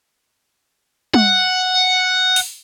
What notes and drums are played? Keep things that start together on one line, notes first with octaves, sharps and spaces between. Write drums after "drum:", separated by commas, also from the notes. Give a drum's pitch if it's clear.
F#5, drum: tom G3
drum: open hi-hat